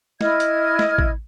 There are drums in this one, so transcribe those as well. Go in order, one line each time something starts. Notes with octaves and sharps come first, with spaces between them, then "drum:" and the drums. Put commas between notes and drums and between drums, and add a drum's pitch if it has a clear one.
E4 D#5 F6 G#6, drum: snare
drum: hi-hat
drum: snare
drum: kick